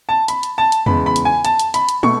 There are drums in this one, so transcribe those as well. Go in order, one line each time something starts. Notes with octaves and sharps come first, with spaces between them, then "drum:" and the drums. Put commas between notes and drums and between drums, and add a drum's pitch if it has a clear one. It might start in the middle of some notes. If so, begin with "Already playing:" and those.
A5
B5, drum: hi-hat
drum: hi-hat
A5
drum: hi-hat
E2 C#3 G#3 B5, drum: tom E2
B5
drum: hi-hat
G#5
A5, drum: hi-hat
drum: hi-hat
B5, drum: hi-hat
drum: hi-hat
B2 A3 C#6, drum: tom